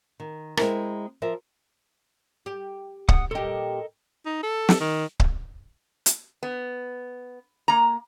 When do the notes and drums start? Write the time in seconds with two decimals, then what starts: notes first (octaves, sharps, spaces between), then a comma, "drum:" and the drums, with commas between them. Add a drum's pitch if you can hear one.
0.20 D#3
0.57 G#3 C4 E4 A#4, drum: rim click
1.22 F3 A#4 E5
2.46 G4
3.09 F#5 D#6, drum: kick C#1
3.31 A#2 G4 A4 A#4 D#5
4.26 D#4
4.43 A4
4.69 drum: snare
4.80 D#3
5.20 drum: kick C#1
6.06 drum: hi-hat
6.43 B3
7.68 A#3 A#5